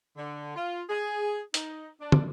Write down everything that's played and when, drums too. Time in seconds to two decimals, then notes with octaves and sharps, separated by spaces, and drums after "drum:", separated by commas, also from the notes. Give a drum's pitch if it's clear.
0.17 D3
0.56 F4
0.89 G#4
1.54 D#4, drum: hi-hat
2.00 D4
2.12 drum: tom